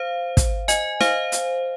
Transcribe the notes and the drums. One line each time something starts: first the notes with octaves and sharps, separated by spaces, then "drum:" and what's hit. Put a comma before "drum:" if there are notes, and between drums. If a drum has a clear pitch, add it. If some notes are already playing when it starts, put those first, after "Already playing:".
Already playing: C5 F5
drum: kick, hi-hat
D#5 G#5, drum: hi-hat
C5 F5, drum: snare
drum: hi-hat